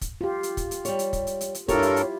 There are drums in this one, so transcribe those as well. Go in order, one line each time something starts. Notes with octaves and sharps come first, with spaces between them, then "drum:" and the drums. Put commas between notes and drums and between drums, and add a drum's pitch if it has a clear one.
drum: kick, hi-hat
F4 G4
drum: hi-hat
drum: kick, hi-hat
drum: hi-hat
G3 C#5, drum: hi-hat
drum: hi-hat
drum: kick, hi-hat
drum: hi-hat
drum: hi-hat
drum: hi-hat
G2 E4 F4 G4 A4 A#4 C#5, drum: kick, hi-hat
drum: hi-hat
drum: hi-hat